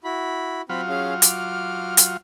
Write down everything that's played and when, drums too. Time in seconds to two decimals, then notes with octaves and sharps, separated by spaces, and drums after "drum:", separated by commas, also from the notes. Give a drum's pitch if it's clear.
0.04 E4 F#4 B5
0.69 F#3 C4 F4 B5
0.89 C#4 G#4 F5
1.22 D6 F6, drum: hi-hat
1.97 drum: hi-hat